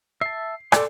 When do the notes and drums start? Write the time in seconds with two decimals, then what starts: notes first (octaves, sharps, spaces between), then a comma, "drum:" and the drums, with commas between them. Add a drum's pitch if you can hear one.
0.21 E5 A5 C7
0.72 A4 D5 C6 D6, drum: rim click